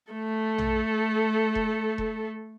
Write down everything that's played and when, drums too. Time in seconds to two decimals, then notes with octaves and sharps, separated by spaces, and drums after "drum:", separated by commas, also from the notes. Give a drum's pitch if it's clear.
0.12 A3 A4
0.58 drum: tom A#1
1.55 drum: kick E1
1.98 drum: kick E1